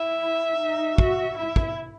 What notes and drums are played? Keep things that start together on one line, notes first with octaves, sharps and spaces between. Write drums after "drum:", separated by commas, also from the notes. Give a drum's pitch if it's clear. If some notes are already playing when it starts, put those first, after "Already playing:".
Already playing: E4 E5
D#4
F#4, drum: kick
E4 E5
drum: kick